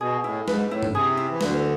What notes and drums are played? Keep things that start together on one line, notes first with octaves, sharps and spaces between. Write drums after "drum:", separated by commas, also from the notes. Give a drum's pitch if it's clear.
B2 G#4
A2 E4
G#2 B4, drum: snare
A2 E4
drum: tom G2
C3 G#4
E4
E3
D2 D3 B4, drum: snare